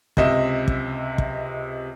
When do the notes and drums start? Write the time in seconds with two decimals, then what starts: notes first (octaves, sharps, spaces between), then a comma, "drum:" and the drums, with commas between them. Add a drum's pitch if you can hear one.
0.17 C#2 C3 D#5 E5 E7, drum: kick
0.68 drum: kick
1.18 drum: kick